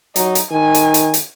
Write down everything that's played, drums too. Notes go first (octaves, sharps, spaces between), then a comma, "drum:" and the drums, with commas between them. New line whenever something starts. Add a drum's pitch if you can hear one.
F#3 D#4, drum: hi-hat
drum: hi-hat
D#3 G#5
drum: hi-hat
drum: hi-hat
drum: hi-hat